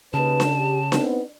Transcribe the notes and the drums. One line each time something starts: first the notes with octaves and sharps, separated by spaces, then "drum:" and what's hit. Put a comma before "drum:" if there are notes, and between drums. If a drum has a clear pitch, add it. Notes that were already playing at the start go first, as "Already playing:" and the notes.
D#2 C#3 B4 A5
drum: snare D4
G4
B3 C4 D#4, drum: snare D4